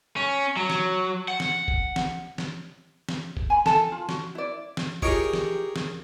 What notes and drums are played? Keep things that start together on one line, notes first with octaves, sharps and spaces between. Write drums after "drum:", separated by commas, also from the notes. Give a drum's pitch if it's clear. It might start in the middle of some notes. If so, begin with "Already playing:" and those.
C#4
F#3
drum: snare
F#5
drum: snare
drum: kick
drum: snare
drum: snare
drum: snare
drum: kick
G#5 B5
A4 A5, drum: snare
F4
F#4, drum: snare
E4 D5
drum: snare
E4 F4 G4 G#4 A#4 C#5 D#5, drum: kick
drum: snare
drum: snare